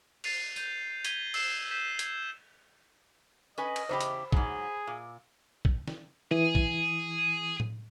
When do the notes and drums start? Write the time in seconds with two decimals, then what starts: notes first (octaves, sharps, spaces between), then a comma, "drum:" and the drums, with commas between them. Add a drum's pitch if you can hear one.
0.24 A6 C7 D#7 F7, drum: cymbal
0.56 G6 D#7, drum: tambourine
1.05 G#6 B6 D#7 G7, drum: hi-hat
1.34 E6 C7 E7, drum: cymbal
1.71 G6 B6 E7
1.99 G#6, drum: hi-hat
3.58 C#4 B4 D#5 G#5
3.76 drum: cymbal
3.89 E2 C#3 G4 C5 B5
4.01 drum: hi-hat
4.32 G#2 F#3 G#4, drum: kick
4.87 A#2
5.65 drum: kick
5.88 drum: snare
6.31 E3 G#4
6.55 drum: kick
7.60 drum: tom A2